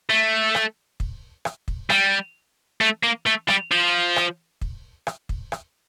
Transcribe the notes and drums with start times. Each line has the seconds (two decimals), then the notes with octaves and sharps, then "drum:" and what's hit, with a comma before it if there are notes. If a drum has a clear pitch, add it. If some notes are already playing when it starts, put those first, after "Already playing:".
0.10 A3
0.55 drum: rim click
1.00 drum: kick
1.45 drum: rim click
1.68 drum: kick
1.90 G3, drum: rim click
2.81 A3
3.03 A#3
3.26 A3
3.48 G3, drum: rim click
3.72 F3
4.16 drum: rim click
4.61 drum: kick
5.07 drum: rim click
5.29 drum: kick
5.52 drum: rim click